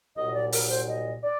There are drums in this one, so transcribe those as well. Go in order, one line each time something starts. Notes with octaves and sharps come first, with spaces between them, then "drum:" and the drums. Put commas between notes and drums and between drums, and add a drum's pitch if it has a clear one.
C2 A#2 F#3 D#5
D5
A#4, drum: open hi-hat
C5
D#5
D5